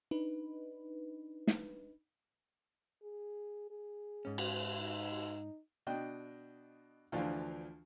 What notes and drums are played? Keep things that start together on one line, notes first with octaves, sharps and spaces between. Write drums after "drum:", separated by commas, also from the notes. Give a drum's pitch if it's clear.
D4 D#4 B4
drum: snare
G#4
G#4
G#2 C#4
drum: cymbal
D#4
B2 D4 D#5 G5
D2 D3 E3 F3 D4 F4